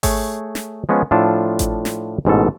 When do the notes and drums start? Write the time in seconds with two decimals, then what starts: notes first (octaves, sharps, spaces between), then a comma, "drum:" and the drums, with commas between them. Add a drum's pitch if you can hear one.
0.03 A3 G#4 C#5, drum: kick G#1, open hi-hat
0.55 drum: snare
0.89 F3 G#3 B3 C#4
1.11 A2 F3 D4 F4 A4 A5
1.59 drum: kick G#1, hi-hat
1.85 drum: snare
2.25 A1 G#2 B2 A4